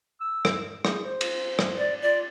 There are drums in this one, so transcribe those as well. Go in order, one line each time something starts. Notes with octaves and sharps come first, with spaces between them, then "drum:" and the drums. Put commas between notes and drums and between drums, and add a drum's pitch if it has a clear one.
E6
drum: rim click
G#4, drum: rim click
C5
drum: cymbal
drum: rim click
D5
F4 D5